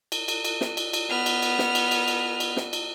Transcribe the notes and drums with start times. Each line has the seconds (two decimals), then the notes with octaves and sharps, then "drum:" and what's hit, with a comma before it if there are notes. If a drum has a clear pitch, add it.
0.12 drum: cymbal
0.28 drum: cymbal
0.45 drum: cymbal
0.61 drum: snare
0.77 drum: cymbal
0.93 drum: cymbal
1.10 B3 F6
1.26 drum: cymbal
1.42 drum: cymbal
1.59 drum: snare
1.75 drum: cymbal
1.91 drum: cymbal
2.08 drum: cymbal
2.40 drum: cymbal
2.57 drum: snare
2.73 drum: cymbal